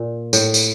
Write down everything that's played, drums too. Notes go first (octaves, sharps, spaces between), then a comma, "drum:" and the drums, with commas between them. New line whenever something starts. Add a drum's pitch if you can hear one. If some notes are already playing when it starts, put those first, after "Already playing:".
Already playing: A#2
A2, drum: tambourine
drum: tambourine